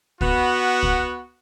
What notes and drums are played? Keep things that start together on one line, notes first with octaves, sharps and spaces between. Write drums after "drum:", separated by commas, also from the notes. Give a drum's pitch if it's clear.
B3 F#4, drum: kick
drum: kick